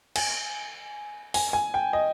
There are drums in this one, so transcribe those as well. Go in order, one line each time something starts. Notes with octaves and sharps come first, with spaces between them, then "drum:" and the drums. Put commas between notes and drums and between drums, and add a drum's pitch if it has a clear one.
G#5, drum: cymbal
G#5, drum: open hi-hat
G#5
G5
D#5